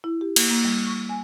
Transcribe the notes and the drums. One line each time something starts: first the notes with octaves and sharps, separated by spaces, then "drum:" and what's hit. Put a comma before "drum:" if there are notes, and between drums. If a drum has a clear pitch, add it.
E4
G4
A#3, drum: cymbal
A#3
G3
C#6
G#5